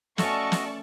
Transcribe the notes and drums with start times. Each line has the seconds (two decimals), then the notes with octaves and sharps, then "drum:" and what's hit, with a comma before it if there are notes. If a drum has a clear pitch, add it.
0.18 A3 C#4 F#4 A4 D5 D#5 A5 C#6, drum: snare
0.52 drum: snare